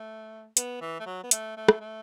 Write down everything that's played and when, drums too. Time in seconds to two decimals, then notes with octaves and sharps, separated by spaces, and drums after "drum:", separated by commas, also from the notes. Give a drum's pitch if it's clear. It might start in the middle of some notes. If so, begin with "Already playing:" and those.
Already playing: A3
0.57 B3, drum: hi-hat
0.81 E3
1.00 A3
1.06 F#3
1.23 B3
1.31 A3, drum: hi-hat
1.56 A3
1.68 drum: rim click
1.80 A3